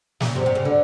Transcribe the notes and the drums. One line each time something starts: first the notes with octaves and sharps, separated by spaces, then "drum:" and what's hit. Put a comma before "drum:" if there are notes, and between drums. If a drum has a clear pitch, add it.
C#3, drum: snare
C3
C3
C#3
D3